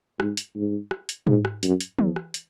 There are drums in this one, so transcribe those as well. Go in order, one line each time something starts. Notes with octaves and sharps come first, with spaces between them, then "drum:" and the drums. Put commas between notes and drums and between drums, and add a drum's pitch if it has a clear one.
G#2, drum: rim click
drum: hi-hat
G#2
drum: rim click
drum: hi-hat
G#2, drum: tom
drum: rim click
F#2, drum: hi-hat
drum: hi-hat
E2, drum: tom
drum: rim click
drum: hi-hat